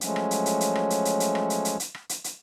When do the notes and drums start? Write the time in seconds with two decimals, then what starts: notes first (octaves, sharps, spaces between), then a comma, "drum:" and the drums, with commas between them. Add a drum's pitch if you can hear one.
0.01 F3 F#3 G#3 A3 C#4, drum: hi-hat
0.16 drum: rim click
0.31 drum: hi-hat
0.46 drum: hi-hat
0.61 drum: hi-hat
0.75 drum: rim click
0.90 drum: hi-hat
1.05 drum: hi-hat
1.20 drum: hi-hat
1.35 drum: rim click
1.50 drum: hi-hat
1.65 drum: hi-hat
1.80 drum: hi-hat
1.95 drum: rim click
2.09 drum: hi-hat
2.24 drum: hi-hat